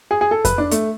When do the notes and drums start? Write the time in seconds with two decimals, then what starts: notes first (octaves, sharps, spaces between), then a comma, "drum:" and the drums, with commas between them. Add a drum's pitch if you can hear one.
0.11 G#4
0.21 G#4
0.31 A4
0.45 B4, drum: kick F2, hi-hat
0.58 D4
0.71 A3, drum: hi-hat